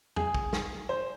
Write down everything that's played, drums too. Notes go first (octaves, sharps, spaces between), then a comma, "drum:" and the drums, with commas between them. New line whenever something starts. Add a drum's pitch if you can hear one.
G#4, drum: tom E2
drum: kick
drum: snare
C5